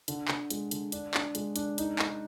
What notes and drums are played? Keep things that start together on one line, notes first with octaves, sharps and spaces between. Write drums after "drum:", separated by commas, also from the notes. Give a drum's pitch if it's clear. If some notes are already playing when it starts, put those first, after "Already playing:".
D3, drum: hi-hat
D3, drum: clap
G#3, drum: hi-hat
D3, drum: hi-hat
D4, drum: hi-hat
D4, drum: clap
G#3, drum: hi-hat
D4, drum: hi-hat
D#4, drum: hi-hat
D#4, drum: clap